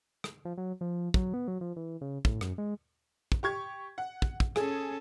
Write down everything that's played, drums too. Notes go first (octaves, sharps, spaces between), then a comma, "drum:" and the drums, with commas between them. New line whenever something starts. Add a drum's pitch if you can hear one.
drum: rim click
F3
F#3
F3
F#3, drum: kick
B3
F#3
F3
E3
C#3
A2, drum: kick
F#2, drum: rim click
G#3
drum: kick
G4 C#6 G#6
F#5
drum: kick
drum: kick
C#4 G#4 A4, drum: rim click